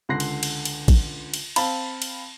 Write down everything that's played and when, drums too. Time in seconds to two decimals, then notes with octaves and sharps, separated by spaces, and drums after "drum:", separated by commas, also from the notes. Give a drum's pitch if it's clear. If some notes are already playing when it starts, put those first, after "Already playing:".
0.09 C#2 D3 C6 F#6 A#6 C7
0.20 drum: cymbal
0.43 drum: cymbal
0.65 drum: cymbal
0.88 drum: kick, cymbal
1.34 drum: cymbal
1.56 C4 F5 A5 B5, drum: cymbal
2.02 drum: cymbal